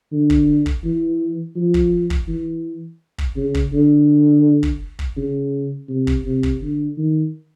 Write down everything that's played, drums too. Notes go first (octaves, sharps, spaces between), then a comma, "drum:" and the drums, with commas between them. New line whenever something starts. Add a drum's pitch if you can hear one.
D3
drum: kick
drum: kick
E3
F3
drum: kick
drum: kick
E3
drum: kick
C#3
drum: kick
D3
drum: kick
drum: kick
C#3
C3
drum: kick
C3
drum: kick
D3
D#3